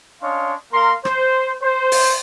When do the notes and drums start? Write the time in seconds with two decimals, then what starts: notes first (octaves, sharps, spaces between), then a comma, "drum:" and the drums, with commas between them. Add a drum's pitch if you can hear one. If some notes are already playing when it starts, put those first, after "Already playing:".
0.22 C#4 D4 C#5 D#5 F5 C6
0.72 A#3 A#4 F5 A#5 C6
1.05 C5, drum: rim click
1.62 C5
1.92 drum: open hi-hat